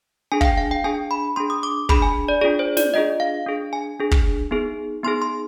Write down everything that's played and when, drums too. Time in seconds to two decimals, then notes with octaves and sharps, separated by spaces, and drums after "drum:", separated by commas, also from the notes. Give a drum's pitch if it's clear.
0.32 D4 G#4 G#5
0.41 F5, drum: kick
0.45 G5
0.58 F5
0.71 G5
0.84 D4 G#4 G#5
1.11 B5
1.36 D4 G#4 C6
1.50 D#6
1.63 D6
1.89 D4 G#4 B5, drum: kick
2.02 G#5
2.28 D5
2.41 D4 F4 G#4 D5
2.59 C5
2.77 D5, drum: snare
2.94 D4 F4 G#4 D#5
3.20 F5
3.46 D4 G#4
3.73 G#5
3.99 D4 G#4
4.11 drum: kick
4.51 B3 D#4 G#4
5.03 B3 D#4 G#4 C6
5.22 C6